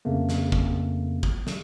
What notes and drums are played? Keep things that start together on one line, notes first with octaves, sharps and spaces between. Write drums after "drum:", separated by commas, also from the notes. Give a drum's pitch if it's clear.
F2 C#3 A3 A#3
drum: snare
drum: kick
drum: kick
drum: snare